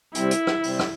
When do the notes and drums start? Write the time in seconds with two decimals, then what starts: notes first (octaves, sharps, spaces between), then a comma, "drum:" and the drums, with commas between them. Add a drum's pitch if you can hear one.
0.15 C3 G3 C4 E4, drum: hi-hat
0.31 drum: hi-hat
0.47 drum: rim click
0.63 C3 G3 C4, drum: open hi-hat
0.79 drum: rim click